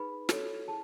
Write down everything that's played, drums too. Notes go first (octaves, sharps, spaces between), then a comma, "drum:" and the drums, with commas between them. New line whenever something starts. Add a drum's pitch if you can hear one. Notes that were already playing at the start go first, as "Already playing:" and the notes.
Already playing: D#4 G#4 B4 B5
F#4 A4 C#5, drum: snare
E4 G#4 A5